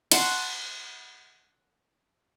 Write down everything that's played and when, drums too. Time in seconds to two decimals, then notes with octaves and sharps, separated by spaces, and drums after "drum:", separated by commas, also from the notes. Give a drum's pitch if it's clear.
0.12 F#5 A5 C6 C#6, drum: cymbal